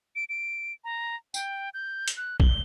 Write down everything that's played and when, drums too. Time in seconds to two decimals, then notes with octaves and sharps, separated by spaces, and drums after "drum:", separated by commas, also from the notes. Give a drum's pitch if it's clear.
0.16 D7
0.29 D7
0.84 A#5
1.34 G5, drum: tambourine
1.74 G6
2.08 drum: hi-hat
2.17 F#6
2.40 G7, drum: kick